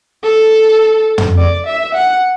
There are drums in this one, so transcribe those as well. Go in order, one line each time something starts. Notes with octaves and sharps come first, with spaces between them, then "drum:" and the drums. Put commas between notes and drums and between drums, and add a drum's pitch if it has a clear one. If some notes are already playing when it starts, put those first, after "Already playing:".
A4
drum: tom
D5
E5
F#5